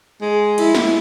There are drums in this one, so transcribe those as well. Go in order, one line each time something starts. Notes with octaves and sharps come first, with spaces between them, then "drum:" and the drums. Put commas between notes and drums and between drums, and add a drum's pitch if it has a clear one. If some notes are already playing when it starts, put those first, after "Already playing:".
G#3
E4, drum: cymbal
drum: snare